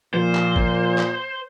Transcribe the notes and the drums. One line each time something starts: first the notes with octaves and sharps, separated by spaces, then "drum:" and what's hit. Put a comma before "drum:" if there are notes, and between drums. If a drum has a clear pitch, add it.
A#2 F3 C5
drum: clap
drum: kick G#1
drum: clap